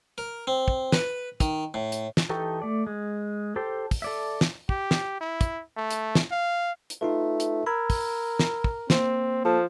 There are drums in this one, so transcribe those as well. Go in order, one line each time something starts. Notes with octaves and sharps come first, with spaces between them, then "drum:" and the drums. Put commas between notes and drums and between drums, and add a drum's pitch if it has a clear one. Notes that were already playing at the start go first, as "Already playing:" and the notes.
A#4
C4
drum: kick
B4, drum: snare
D#3, drum: kick, hi-hat
A2
drum: hi-hat
drum: snare
E3 D#4 G4 A4 C#6
A3 D5
G#3
G4 A4 C5
drum: kick, open hi-hat
A4 D5 E5
drum: snare
G4, drum: kick
drum: snare
E4
drum: kick, hi-hat
A3
drum: hi-hat
drum: snare
F5
drum: hi-hat
A3 D#4 F4 B4
drum: hi-hat
A#4 B5 E6 G#6
drum: kick, open hi-hat
drum: snare
drum: kick
A#3 C4, drum: snare
F3 A4